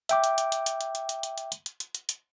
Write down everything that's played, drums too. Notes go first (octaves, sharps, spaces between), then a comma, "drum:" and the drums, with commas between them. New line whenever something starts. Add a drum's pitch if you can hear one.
E5 G5 D6, drum: hi-hat
drum: hi-hat
drum: hi-hat
drum: hi-hat
drum: hi-hat
drum: hi-hat
drum: hi-hat
drum: hi-hat
drum: hi-hat
drum: hi-hat
drum: hi-hat
drum: hi-hat
drum: hi-hat
drum: hi-hat
drum: hi-hat